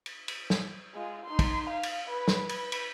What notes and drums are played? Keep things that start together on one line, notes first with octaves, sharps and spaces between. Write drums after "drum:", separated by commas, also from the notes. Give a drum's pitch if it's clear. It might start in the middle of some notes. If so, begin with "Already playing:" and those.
drum: cymbal
drum: cymbal
drum: snare
G#3 F4
D#4 C6
drum: kick, cymbal
F5
drum: cymbal
B4
drum: snare
B4, drum: cymbal
drum: cymbal